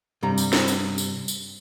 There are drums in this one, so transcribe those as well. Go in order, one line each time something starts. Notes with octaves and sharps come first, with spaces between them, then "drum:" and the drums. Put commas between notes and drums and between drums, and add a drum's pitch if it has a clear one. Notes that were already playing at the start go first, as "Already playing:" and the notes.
G2 C3 G3 A#5
drum: tambourine
drum: snare
drum: tambourine
drum: tambourine
drum: tambourine